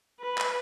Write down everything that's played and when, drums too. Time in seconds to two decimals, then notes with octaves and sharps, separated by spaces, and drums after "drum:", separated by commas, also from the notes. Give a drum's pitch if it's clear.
0.20 B4
0.38 drum: clap